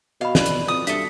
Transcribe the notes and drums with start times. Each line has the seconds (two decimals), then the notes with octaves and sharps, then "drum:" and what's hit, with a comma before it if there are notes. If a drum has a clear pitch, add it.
0.21 B2 D#5 F5 B5
0.35 B4 D5, drum: snare
0.46 drum: hi-hat
0.68 F2 D#6
0.87 G2 A4 E5 B6, drum: hi-hat